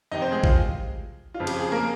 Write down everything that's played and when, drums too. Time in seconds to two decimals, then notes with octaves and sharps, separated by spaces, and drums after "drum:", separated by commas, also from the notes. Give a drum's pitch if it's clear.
0.11 F2 C3 D#3 D#4 D#5
0.21 C4 C5
0.32 G#3 G#4
0.44 F4, drum: kick
1.34 F4
1.40 F2 C#3 F3
1.47 G4, drum: cymbal
1.60 G#4
1.72 A#3 A#4